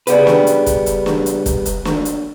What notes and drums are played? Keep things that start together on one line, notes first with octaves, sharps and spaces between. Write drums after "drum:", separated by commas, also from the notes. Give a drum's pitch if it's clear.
C#3 G3 B3 B4, drum: hi-hat
drum: snare
drum: hi-hat
drum: kick, hi-hat
drum: hi-hat
drum: snare
drum: hi-hat
drum: kick, hi-hat
drum: hi-hat
drum: snare
drum: hi-hat